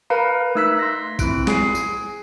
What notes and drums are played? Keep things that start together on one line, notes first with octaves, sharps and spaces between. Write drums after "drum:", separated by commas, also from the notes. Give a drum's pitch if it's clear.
A#4 B4 F5 A#5 B5
A3 D#4 E6 F#6 B6
C6 A#6
C4 E4 F#6 D7, drum: kick, tambourine
G#4 G#5 C7, drum: snare
drum: tambourine